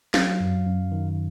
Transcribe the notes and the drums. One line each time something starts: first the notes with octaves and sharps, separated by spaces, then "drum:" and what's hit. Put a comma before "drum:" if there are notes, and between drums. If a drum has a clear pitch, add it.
F#3 F5, drum: snare
F#2
F#2
D#3